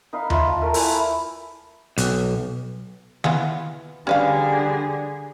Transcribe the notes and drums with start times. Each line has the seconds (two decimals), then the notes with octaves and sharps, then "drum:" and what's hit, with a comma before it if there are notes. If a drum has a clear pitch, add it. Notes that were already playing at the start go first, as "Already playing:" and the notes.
0.13 D#4 B4 F5
0.30 F4 E5, drum: tom D#2
0.47 A5
0.61 A3 A#4 A5
0.74 E4 B4 G#5 A5, drum: open hi-hat
1.98 B1, drum: hi-hat
3.24 E3 B3 F4, drum: tom D#3
4.07 D3 G3 C#4 G#4 B4 F5